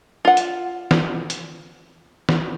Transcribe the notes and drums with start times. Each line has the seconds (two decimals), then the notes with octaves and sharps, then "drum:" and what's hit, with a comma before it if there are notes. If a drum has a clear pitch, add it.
0.25 F4 F#5
0.37 drum: hi-hat
0.91 drum: snare
1.30 drum: hi-hat
2.29 drum: snare